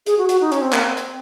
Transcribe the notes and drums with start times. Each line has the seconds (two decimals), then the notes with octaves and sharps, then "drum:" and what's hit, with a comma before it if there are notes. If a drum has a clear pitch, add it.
0.06 G#4, drum: hi-hat
0.18 F#4
0.29 F#4, drum: hi-hat
0.41 D#4
0.52 C#4, drum: hi-hat
0.62 C4
0.73 A#3, drum: clap
0.83 C4
0.97 drum: hi-hat